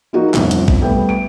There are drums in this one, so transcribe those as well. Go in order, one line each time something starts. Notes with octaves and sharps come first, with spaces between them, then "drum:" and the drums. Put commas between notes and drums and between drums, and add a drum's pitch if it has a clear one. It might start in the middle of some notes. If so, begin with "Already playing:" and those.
F3 A#3 D#4 F#4
G1 C2 F2, drum: clap
drum: hi-hat
drum: kick A#1
G3 A3 B3 G5
D7